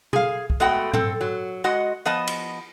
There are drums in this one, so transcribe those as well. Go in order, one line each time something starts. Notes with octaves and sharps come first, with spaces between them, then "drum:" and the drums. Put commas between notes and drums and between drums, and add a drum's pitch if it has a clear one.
G#4 F5, drum: tom B2
drum: kick
G#3 A3 B3 F#4 F#5 G5
C4 A4, drum: tom G#2
F#3
G#3 F#4 D#5 F#5
F3 B3 D#5 A5
drum: cymbal